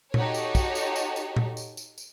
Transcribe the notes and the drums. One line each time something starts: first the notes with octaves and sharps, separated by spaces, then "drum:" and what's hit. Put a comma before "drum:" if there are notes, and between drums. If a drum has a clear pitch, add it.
D#4 F#4 G4 A4 C#5, drum: tom A#2
drum: tambourine
drum: kick, tambourine
drum: tambourine
drum: tambourine
drum: tambourine
drum: tom A#2
drum: tambourine
drum: tambourine
drum: tambourine